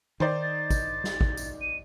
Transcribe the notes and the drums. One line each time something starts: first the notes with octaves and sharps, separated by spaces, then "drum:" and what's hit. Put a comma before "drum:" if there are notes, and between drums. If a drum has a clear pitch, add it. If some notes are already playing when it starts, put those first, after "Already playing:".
D#3 D#4 C5 D5
A6
drum: kick, tambourine
drum: snare
drum: kick
drum: tambourine
D#7